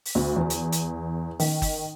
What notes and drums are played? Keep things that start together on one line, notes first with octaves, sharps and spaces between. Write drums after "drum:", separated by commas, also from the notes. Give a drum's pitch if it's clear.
drum: open hi-hat
D2
E2
drum: hi-hat
drum: hi-hat
D#3, drum: open hi-hat
drum: kick, open hi-hat